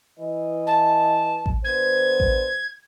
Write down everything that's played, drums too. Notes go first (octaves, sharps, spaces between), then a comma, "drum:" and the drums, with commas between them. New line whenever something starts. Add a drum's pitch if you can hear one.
E3 D#5
A5
drum: kick A1
D3 B3 C5 G#6
drum: kick A1